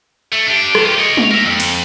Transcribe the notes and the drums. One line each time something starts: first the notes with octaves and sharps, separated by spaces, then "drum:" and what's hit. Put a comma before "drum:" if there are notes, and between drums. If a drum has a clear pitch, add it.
A3
D4 G4
drum: rim click
F4 G4
C#5 D#5
drum: tom G#3
A#4 E5
F2
drum: cymbal